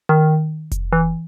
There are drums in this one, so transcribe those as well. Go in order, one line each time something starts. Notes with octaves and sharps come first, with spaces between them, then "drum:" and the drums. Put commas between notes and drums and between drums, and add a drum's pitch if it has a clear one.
D#3
drum: kick F1, hi-hat
E3